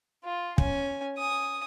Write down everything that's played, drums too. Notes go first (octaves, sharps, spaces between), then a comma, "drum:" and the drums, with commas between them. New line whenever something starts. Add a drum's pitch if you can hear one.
F4
C#4 G#5, drum: kick
G#5 D#6